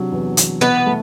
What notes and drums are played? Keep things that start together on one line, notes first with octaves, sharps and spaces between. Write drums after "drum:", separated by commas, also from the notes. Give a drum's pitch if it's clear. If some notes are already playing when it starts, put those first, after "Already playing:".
Already playing: C3 F#3 D4
E2
E2, drum: hi-hat
B2 B3 B4
A3